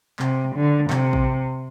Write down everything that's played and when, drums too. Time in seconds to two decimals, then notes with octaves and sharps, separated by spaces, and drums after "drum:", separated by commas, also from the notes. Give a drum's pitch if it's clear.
0.19 C3, drum: clap
0.55 D3
0.90 C3, drum: clap
1.13 drum: kick A1